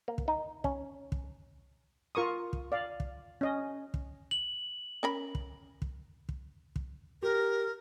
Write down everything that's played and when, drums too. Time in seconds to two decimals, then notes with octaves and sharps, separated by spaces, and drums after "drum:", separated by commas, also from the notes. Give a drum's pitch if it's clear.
0.08 A#3
0.18 drum: kick
0.28 D#4
0.64 C#4, drum: kick
1.12 drum: kick
2.15 F4 A#4 C#6 D#6
2.53 drum: kick
2.72 D5 F5
3.00 drum: kick
3.41 C#4 D#5
3.94 drum: kick
4.31 F#7
5.03 C#4 A#4 B5
5.35 drum: kick
5.82 drum: kick
6.29 drum: kick
6.76 drum: kick
7.23 G4 A#4